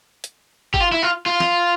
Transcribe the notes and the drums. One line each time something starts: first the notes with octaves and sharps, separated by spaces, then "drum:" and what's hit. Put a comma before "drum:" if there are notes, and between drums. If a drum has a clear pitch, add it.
drum: hi-hat
G4, drum: kick
F4
E4
F4
F4
drum: snare